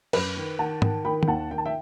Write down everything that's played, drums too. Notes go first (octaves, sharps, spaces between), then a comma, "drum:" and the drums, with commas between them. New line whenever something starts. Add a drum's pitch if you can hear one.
F#2 B4, drum: cymbal
D#3
D#3 F#5 A5
D#3, drum: tom G#2
D#3 G5 B5
G5, drum: tom
D#2 F#5 A5
D#3 G5
A5
E5 G5